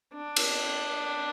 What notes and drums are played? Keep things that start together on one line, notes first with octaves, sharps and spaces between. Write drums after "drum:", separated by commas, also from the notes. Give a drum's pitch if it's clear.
D4
drum: cymbal